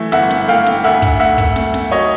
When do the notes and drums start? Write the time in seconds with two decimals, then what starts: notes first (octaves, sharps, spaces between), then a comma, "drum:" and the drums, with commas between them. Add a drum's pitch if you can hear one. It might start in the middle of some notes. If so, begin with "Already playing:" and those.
Already playing: E3 A3 E5
0.12 G1 E5 F#5, drum: snare
0.30 drum: snare
0.48 A3 F5 G5
0.66 drum: snare
0.84 D2 E5 F#5
1.02 drum: kick
1.20 A3 E5 F#5
1.38 drum: kick
1.56 A3, drum: snare
1.74 drum: snare
1.91 F#3 C#5 D#5